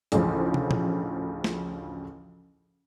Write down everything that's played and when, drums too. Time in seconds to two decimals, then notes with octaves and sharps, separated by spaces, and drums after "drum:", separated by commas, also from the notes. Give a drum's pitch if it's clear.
0.12 A1 D2 C#3 F3, drum: hi-hat
0.54 drum: tom
0.71 drum: tom A#2
1.44 drum: snare